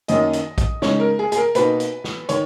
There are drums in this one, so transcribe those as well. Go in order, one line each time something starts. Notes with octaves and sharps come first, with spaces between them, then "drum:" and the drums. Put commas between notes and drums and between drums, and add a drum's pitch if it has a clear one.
F#2 D#3 A#3 C#4 D#5, drum: hi-hat
drum: hi-hat
drum: kick, hi-hat
C#3 G#3 D#4 C#5, drum: snare
A#4
G#4
G#4, drum: hi-hat
A#4
B2 A#3 D#4 B4, drum: hi-hat
drum: hi-hat
drum: snare
D#3 C#5, drum: hi-hat